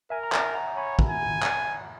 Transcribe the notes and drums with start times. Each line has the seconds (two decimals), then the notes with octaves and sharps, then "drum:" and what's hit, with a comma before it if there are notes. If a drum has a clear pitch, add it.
0.10 A#4 E5 G#5
0.23 A#5
0.32 E5 G#5, drum: clap
0.55 F#5 A#5
0.76 C#5 G#5 B5
0.99 drum: kick
1.09 G#5
1.43 drum: clap